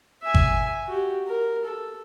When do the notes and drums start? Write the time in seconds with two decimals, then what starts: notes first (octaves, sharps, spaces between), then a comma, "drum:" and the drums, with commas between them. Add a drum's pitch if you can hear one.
0.23 E5 G#5
0.34 drum: kick G#1
0.87 F#4 G4
1.27 A#4
1.65 A4